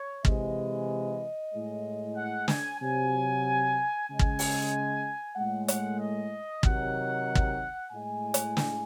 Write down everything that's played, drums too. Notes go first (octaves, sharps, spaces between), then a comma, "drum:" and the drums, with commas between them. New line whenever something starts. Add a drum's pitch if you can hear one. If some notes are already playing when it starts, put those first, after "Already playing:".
Already playing: C#5
C3 E3 G#3 D#5, drum: kick
A2 G#3
F#5
G#5, drum: snare
C3 F#3 G#5
C#3 G#3 G#5
drum: kick
drum: open hi-hat
A2 G#3 F#5
F#5, drum: hi-hat
D#5
C3 D#3 F#3 F#5, drum: kick
drum: kick
A2 G#3 G#5
drum: hi-hat
drum: snare